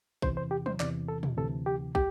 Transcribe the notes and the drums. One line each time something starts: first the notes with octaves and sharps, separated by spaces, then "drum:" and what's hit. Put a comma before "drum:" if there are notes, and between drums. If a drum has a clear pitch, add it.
E2 C3 E3 C5, drum: kick
C5
G4
C5, drum: tom
E2 C3 E3 D5, drum: clap
A4
drum: tom
D2 C3 E3 A4
G4
G4, drum: kick